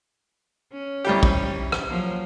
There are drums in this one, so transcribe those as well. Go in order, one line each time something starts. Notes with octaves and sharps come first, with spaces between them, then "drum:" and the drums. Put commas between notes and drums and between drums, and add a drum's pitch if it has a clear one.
C#4
C2 G3 G4
drum: kick
drum: rim click
F3 F#3 A#3